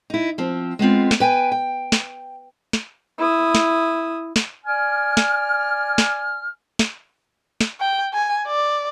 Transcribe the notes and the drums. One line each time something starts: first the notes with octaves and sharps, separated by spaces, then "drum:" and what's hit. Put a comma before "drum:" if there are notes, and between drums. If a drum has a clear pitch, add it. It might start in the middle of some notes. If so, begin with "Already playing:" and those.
D#4 E4
F3 C4
G#3 B3 C4 F4
drum: snare
B4 G5 G#5
G5
drum: snare
drum: snare
E4 D#6
drum: snare
drum: snare
D5 G#5 F6
drum: snare
drum: snare
drum: snare
drum: snare
G5
G#5
D5